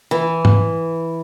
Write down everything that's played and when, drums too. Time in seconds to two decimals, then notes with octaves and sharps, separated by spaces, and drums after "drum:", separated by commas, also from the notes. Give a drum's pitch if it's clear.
0.11 E3
0.45 drum: tom G#2